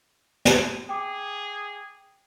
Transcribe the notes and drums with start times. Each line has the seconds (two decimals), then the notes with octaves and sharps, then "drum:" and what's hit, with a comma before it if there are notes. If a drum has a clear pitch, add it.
0.45 drum: snare
0.89 G#4 G5 D6